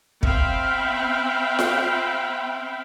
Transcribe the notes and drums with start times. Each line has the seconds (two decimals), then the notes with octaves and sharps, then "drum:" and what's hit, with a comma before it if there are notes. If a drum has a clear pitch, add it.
0.23 C4 E5 F5 G5 B5, drum: kick
1.59 drum: snare F4